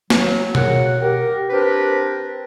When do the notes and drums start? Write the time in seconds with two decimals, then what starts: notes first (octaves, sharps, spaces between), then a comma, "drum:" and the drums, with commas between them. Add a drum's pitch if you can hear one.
0.10 F#3, drum: snare
0.55 C#3 F#4 A#4 F#5, drum: tom B2
1.01 G4 A#4
1.50 C4 D4 G4 A#4 B4